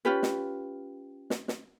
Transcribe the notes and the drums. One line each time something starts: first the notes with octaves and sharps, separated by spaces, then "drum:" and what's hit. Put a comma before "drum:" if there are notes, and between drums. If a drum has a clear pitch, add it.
C#4 F4 G4 B4
drum: snare
drum: snare
drum: snare